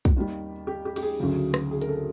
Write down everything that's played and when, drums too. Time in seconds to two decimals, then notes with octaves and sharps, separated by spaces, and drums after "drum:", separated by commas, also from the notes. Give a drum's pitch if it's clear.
0.05 drum: kick
0.16 D#2 D#3 G3
0.67 G4
0.85 G4
0.96 G4, drum: cymbal
1.03 G#4
1.20 D2 C#3 F#3
1.54 drum: rim click
1.71 G#4
1.82 A#4, drum: hi-hat
1.89 A4